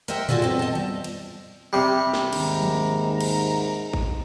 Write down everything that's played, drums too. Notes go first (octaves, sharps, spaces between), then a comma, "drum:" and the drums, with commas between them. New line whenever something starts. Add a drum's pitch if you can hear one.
A#4 C5 D#5 E5 F#5 G5
F4 F#4 G#4 A4 D5, drum: tom A2
B3 C4 A4
D#5 A5
G3
drum: cymbal
C3 G3
drum: snare
D#2 G#2 A#5, drum: cymbal
drum: tom F3
drum: cymbal
drum: kick A1